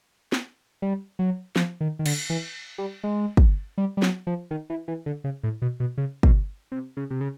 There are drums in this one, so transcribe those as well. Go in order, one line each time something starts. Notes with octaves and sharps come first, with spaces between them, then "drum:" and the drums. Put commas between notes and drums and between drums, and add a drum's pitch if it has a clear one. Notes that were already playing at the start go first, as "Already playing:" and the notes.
drum: snare
G3
F#3
F3, drum: snare
D#3
D#3
D3, drum: cymbal
E3
G3
G#3
drum: kick
G3
G3
F#3, drum: snare
F3
D#3
E3
E3
D3
C#3
A2
B2
B2
C#3
B2, drum: kick
C3
C#3
C3
C#3